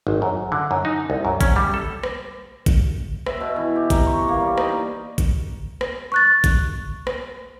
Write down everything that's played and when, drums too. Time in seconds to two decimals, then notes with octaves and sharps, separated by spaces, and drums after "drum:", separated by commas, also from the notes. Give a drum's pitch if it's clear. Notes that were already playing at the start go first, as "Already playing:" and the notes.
0.07 G#1
0.22 F#2
0.52 D3
0.71 F#2
0.85 D#4
1.10 C2
1.25 F#2
1.41 C#4, drum: kick A1, hi-hat
1.56 G3
1.74 A4
2.03 drum: rim click
2.66 drum: kick A1, hi-hat
3.26 E5, drum: rim click
3.40 B2
3.56 E3
3.76 G4
3.90 A#5, drum: kick A1, hi-hat
4.07 C#6
4.28 A#3
4.40 G3
4.58 D#4, drum: rim click
5.18 drum: kick A1, hi-hat
5.81 drum: rim click
6.12 C#6 F#6 A6
6.44 drum: kick A1, hi-hat
7.07 drum: rim click